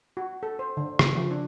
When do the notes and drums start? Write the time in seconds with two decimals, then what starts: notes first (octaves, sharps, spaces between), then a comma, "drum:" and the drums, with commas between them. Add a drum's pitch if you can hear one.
0.17 F#4
0.43 A4
0.59 C5
0.77 D3
0.99 C#3, drum: rim click
1.16 F3
1.31 D4